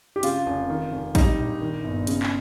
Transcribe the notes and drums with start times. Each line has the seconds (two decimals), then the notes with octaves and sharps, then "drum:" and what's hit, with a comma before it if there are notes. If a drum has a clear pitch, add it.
0.16 G4
0.23 C#3 F4, drum: hi-hat
0.46 F1
0.70 D#3
0.92 F1
1.15 G3 D#4, drum: kick, hi-hat
1.39 A#1
1.62 D#3
1.84 G1
2.07 C#3, drum: hi-hat
2.23 drum: clap